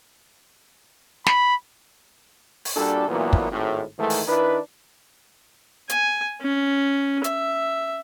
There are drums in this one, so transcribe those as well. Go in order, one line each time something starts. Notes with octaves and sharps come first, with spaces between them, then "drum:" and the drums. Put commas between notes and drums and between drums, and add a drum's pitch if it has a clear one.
B5, drum: snare
drum: open hi-hat
A#2 G3 D4 F#4 A4
D2 A#2 E3 F#3 A#3 B3
drum: kick
G#1 A2
G#2 D#3 E3 G#3 A3
drum: open hi-hat
D#3 D4 E4 B4
G#5, drum: hi-hat
C#4
E5, drum: hi-hat